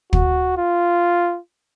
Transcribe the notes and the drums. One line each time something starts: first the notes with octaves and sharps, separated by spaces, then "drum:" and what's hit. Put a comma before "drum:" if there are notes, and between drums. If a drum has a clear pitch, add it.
F#4, drum: kick
F4